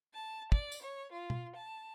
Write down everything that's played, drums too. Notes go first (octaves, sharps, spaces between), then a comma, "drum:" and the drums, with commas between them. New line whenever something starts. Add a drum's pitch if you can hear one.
A5
D5, drum: kick
drum: tambourine
C#5
F4
drum: tom
A5